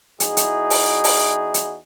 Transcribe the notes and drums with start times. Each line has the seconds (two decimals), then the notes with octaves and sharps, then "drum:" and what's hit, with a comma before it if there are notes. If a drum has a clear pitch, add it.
0.20 E2 D#4 E4 F#4 G#4, drum: hi-hat
0.37 drum: hi-hat
0.70 drum: open hi-hat
1.04 drum: open hi-hat
1.54 drum: hi-hat